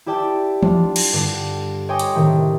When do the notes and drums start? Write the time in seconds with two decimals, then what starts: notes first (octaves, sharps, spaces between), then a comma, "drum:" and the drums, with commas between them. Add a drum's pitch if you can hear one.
0.06 E4 G4 D5 G5 A5
0.63 D4 F4, drum: tom E3
0.96 drum: cymbal
1.13 G2 D3 D4 D5 C7
1.89 C#5 D#5 G5 G#5 C6 D6
1.99 drum: hi-hat
2.15 A2 C3 D#3